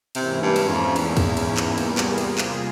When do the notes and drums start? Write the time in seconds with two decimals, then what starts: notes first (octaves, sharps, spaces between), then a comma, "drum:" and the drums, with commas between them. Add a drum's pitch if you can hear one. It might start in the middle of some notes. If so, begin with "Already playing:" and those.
0.15 G#2 C3 E3 A#3 C#4 E4, drum: cymbal
0.42 G2
0.56 drum: cymbal
0.69 F2
0.96 E2, drum: cymbal
1.17 drum: kick, cymbal
1.37 drum: cymbal
1.57 drum: clap
1.78 C3 G3 A#3 F4 G#4, drum: cymbal
1.98 drum: clap
2.18 drum: cymbal
2.38 drum: clap